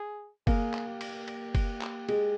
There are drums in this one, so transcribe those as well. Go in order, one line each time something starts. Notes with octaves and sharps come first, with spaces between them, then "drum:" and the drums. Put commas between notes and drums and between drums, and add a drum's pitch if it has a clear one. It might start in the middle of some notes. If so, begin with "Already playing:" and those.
Already playing: G#4
A#3 G#4, drum: kick F#1, cymbal
drum: clap
G4
drum: cymbal
drum: cymbal
drum: kick F#1, cymbal
drum: clap
G#3, drum: cymbal